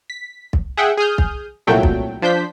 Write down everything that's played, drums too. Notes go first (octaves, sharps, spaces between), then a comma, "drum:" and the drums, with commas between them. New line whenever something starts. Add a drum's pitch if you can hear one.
B6
drum: kick
G#4 E5 F#5 G5
G#4 D#6 F6 G6
drum: kick
C2 A#2 F#3 A3 G5
drum: kick
F3 D4 C5 G6 B6